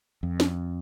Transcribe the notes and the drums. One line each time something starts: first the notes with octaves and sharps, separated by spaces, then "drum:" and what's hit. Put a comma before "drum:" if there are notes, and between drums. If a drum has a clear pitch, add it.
F2
drum: snare